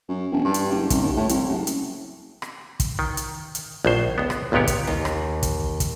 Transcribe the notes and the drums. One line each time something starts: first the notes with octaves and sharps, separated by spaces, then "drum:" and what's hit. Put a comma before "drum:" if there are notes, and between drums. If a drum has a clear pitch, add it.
F#2
E1
G2
drum: hi-hat
F#1
C2, drum: kick, hi-hat
D#2
A2
C2, drum: hi-hat
F#1
drum: hi-hat
drum: rim click
drum: kick, hi-hat
D#3
drum: hi-hat
drum: hi-hat
A#1 A2 C5
C#2 B3
drum: rim click
G1 C#2 A#2 B3 G4 C#5
drum: kick, hi-hat
D#2
drum: rim click
drum: kick, hi-hat
drum: kick, hi-hat